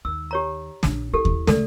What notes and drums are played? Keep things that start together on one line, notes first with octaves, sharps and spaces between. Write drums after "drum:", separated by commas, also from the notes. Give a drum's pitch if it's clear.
D#2 E6
G4 C#5 A#5
A#1 D4, drum: snare
E4 G4 A4
drum: kick D#2
C#3 A3 A4 D5, drum: snare